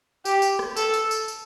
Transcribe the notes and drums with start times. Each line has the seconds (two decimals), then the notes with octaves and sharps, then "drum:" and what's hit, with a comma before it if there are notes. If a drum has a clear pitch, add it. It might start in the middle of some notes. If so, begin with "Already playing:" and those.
0.25 G4, drum: tambourine
0.42 drum: tambourine
0.59 drum: rim click
0.76 A4, drum: tambourine
0.94 drum: tambourine
1.11 drum: tambourine
1.28 drum: tambourine